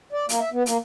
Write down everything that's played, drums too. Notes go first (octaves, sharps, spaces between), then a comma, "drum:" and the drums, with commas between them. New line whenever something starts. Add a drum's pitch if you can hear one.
D5
A#3, drum: hi-hat
E5
B3
A#3, drum: hi-hat